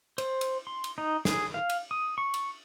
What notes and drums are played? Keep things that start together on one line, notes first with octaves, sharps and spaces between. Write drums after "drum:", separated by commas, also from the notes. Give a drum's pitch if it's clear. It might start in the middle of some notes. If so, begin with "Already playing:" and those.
C5, drum: cymbal
drum: cymbal
C6
drum: cymbal
D#4
G#4, drum: snare
F5
drum: cymbal
D#6
C#6
drum: cymbal